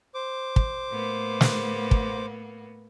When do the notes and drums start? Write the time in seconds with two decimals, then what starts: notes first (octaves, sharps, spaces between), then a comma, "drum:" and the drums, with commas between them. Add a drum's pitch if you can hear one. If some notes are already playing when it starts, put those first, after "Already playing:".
0.14 C5 D6
0.56 drum: kick
0.90 A2 A#3 B3
1.41 drum: snare
1.91 drum: kick